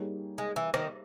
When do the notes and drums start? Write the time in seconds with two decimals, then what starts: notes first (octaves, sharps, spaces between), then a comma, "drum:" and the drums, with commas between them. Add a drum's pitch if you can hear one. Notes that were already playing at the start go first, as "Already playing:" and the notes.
Already playing: G3 A#3 D#4 G#4 C#5
0.38 G#3
0.56 E3
0.74 D#3, drum: rim click